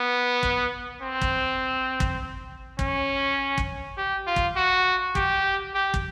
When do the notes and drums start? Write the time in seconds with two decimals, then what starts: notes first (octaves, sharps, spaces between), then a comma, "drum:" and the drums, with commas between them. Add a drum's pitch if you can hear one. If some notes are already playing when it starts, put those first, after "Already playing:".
Already playing: B3
0.43 drum: kick
1.02 C4
1.21 drum: kick
2.00 drum: kick
2.79 C#4, drum: kick
3.58 drum: kick
3.97 G4
4.27 F4
4.36 drum: kick
4.56 F#4
5.15 G4, drum: kick
5.74 G4
5.94 drum: kick